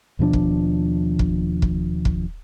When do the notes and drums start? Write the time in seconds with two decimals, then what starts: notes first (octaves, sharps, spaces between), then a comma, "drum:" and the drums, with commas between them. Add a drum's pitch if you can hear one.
0.19 D#2 B2 F3 D4
0.33 drum: kick
1.19 drum: kick
1.62 drum: kick
2.05 drum: kick